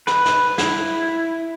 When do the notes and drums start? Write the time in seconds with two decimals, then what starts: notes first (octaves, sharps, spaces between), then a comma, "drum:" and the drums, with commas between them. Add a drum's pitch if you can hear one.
0.07 B4, drum: snare
0.25 drum: snare
0.58 E4, drum: snare